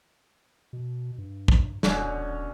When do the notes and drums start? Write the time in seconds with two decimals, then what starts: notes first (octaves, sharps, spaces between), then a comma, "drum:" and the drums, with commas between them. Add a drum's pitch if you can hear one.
0.73 B2
1.18 G2
1.48 drum: kick
1.83 D#1 B2 D3 C#4, drum: snare